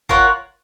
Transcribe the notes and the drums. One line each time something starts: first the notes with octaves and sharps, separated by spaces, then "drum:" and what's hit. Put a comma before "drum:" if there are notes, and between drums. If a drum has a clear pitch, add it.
F4 A#4 C#5 F#5, drum: kick